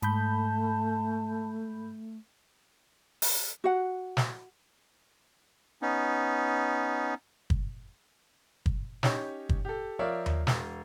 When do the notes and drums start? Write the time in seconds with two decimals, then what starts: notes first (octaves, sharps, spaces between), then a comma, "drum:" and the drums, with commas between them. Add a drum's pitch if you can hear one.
0.02 G#2 A3 A5 B5 G6, drum: hi-hat
3.22 drum: open hi-hat
3.64 F#4 F#5
4.17 drum: snare
5.82 B3 C#4 D#4
7.50 drum: kick
8.66 drum: kick
9.03 C#4 D#4 G4 C#5, drum: snare
9.49 drum: kick
9.65 G4 A4
9.99 F3 A#4 C#5 D5 E5 F5
10.26 drum: tom D#2
10.47 E1, drum: snare